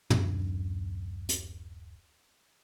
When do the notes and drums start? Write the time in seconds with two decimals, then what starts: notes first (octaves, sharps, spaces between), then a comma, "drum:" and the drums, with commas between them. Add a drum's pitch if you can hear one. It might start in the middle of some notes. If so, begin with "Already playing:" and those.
0.10 D1 F#2 D4, drum: tom
1.29 drum: hi-hat